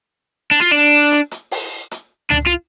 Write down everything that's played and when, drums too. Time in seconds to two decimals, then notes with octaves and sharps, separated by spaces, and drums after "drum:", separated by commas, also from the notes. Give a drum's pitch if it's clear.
0.51 D4
0.62 F4
0.72 D4
1.11 drum: hi-hat
1.31 drum: hi-hat
1.51 drum: open hi-hat
1.91 drum: hi-hat
2.31 D4, drum: tom C#2
2.47 F4